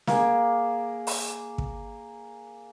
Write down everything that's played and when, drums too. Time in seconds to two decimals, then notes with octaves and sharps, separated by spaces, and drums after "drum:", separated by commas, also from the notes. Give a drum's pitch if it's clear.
0.07 A#3 G#4, drum: snare
1.07 drum: open hi-hat
1.58 drum: kick